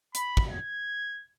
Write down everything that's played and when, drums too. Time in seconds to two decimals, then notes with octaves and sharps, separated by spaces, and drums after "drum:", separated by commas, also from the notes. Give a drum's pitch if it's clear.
0.15 B5, drum: hi-hat
0.37 drum: kick
0.51 G#6